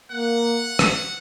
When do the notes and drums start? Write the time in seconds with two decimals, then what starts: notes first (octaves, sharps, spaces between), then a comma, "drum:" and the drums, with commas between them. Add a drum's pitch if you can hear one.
0.11 A#3 F#5
0.79 drum: rim click